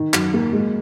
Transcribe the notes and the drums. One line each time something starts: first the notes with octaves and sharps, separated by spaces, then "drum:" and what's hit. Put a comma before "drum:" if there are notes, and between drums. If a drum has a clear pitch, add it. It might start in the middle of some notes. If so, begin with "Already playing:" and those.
Already playing: D#3
F#2, drum: clap
A#3
G#3